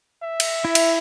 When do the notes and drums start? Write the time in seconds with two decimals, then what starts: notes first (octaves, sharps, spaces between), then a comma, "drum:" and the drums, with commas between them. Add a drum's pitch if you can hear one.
0.22 E5
0.40 drum: cymbal
0.65 E4
0.75 drum: cymbal